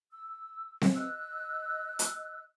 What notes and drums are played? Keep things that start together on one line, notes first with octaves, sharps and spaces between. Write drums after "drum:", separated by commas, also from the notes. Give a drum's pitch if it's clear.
E6
drum: snare C4
D#5 E6 F#6
drum: hi-hat